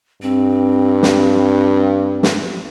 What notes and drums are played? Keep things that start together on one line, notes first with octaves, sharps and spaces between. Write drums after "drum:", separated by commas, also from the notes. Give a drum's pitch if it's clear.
G2 C4
drum: snare
drum: snare